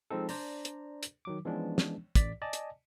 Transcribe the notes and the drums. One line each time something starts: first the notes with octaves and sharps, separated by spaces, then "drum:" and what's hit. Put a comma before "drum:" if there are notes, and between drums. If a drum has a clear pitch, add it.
F3 G#3 C4 D#4 A4
D4 C5 D5 A#5, drum: open hi-hat
drum: hi-hat
drum: hi-hat
D#3 F#3 D6
E3 F3 G#3 B3 C#4 D4
drum: snare
A1 D5 B6, drum: kick, hi-hat
D5 D#5 G#5 A5
drum: hi-hat